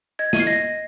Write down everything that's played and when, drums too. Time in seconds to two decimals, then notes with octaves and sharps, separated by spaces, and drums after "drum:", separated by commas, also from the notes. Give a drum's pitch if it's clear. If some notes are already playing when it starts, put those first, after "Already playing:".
0.19 D#5 G#6
0.33 D#7, drum: snare
0.40 C7
0.47 D#5 A#6